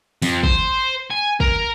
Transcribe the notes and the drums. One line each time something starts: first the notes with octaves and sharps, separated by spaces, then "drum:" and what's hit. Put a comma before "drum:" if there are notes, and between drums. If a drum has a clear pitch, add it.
F2, drum: open hi-hat
C5, drum: kick
G#5
A#4, drum: kick